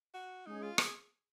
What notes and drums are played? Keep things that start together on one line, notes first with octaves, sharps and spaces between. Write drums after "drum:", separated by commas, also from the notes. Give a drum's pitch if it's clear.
F#4
G#3 C#4 D#4 G#4
F4
G#4, drum: rim click